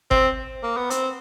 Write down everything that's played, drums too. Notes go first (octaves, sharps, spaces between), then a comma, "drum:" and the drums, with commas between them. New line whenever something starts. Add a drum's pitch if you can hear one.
C4, drum: kick G1
A#3
B3
C4, drum: hi-hat